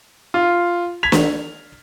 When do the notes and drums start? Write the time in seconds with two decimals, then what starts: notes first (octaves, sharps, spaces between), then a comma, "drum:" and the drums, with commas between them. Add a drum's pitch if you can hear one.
0.34 F4
1.03 G#6 B6 F7
1.12 drum: snare